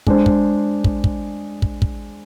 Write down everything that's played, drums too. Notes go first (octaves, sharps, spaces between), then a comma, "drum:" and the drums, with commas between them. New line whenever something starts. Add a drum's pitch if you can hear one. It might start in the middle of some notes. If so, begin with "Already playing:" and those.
G#3 D4 G#4 C5, drum: kick
drum: kick
drum: kick
drum: kick
drum: kick
drum: kick